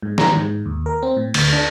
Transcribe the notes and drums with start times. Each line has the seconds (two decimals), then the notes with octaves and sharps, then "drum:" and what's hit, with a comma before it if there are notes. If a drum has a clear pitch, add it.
0.03 G#2
0.18 A#5, drum: snare
0.35 G#2
0.66 D#2
0.86 A#4
1.03 C4
1.17 A2
1.34 D2, drum: cymbal
1.53 D4